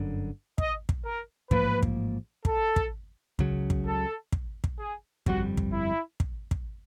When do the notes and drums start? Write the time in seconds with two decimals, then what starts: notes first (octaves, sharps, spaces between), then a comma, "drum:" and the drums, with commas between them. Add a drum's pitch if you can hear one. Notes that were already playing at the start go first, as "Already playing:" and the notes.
Already playing: G1 F#2 D3
0.58 D#5, drum: kick
0.89 drum: kick
1.05 A#4
1.51 A1 G#2 F3 A#3 B4, drum: kick
1.83 drum: kick
2.45 A4, drum: kick
2.76 drum: kick
3.39 C#2 C#3 F#3, drum: kick
3.70 drum: kick
3.86 A4
4.32 drum: kick
4.64 drum: kick
4.79 G#4
5.26 G1 F2 D3 G3 F#4, drum: kick
5.57 drum: kick
5.72 E4
6.20 drum: kick
6.51 drum: kick